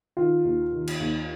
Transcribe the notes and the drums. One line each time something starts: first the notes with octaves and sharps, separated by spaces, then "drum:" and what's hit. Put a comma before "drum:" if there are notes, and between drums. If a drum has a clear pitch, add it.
D#3 F4
D#2
D#3
drum: cymbal
D#2